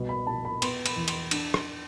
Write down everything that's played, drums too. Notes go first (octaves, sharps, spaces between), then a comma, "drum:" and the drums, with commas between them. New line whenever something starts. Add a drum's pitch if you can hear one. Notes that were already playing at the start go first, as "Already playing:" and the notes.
Already playing: C2 B2
B5
B2 A5
B5
B3 C6, drum: cymbal
B5, drum: cymbal
E2
C6, drum: cymbal
D4, drum: cymbal
C6, drum: rim click